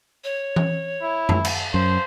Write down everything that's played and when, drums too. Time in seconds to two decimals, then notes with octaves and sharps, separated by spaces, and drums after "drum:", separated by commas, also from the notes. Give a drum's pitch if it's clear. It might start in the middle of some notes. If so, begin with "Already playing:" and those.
0.24 C#5
0.56 drum: tom E3
1.02 E4
1.29 drum: tom F#2
1.45 drum: cymbal
1.74 F#2 C5